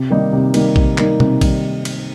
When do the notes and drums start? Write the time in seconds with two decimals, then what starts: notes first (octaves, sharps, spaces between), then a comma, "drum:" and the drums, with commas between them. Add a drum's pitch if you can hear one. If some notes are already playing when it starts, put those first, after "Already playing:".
Already playing: C3
0.10 D#3 G3 A#3 D#4
0.33 C3
0.54 D#3 G3 A#3 D#4, drum: cymbal
0.76 C3, drum: kick A#1
0.98 D#3 G3 A#3 D#4, drum: clap
1.20 C3, drum: tom B2
1.41 D#3 G3, drum: kick A#1, cymbal
1.85 drum: cymbal